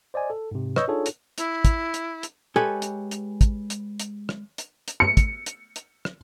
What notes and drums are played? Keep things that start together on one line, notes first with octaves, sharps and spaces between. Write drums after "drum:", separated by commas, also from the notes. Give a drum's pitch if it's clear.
C5 D5 D#5 G#5
A4
G#2 C3
B4 C#5 D#5 C#6 E6 G6, drum: rim click
D4 D#4 F4 G#4 A4 C#5
drum: hi-hat
E4, drum: hi-hat
drum: kick, hi-hat
drum: hi-hat
drum: hi-hat
G#3 G4 A4 B4 C#5 G#5
drum: hi-hat
drum: hi-hat
drum: kick, hi-hat
drum: hi-hat
drum: hi-hat
drum: rim click
drum: hi-hat
drum: hi-hat
C#7
drum: kick, hi-hat
drum: hi-hat
drum: hi-hat
drum: rim click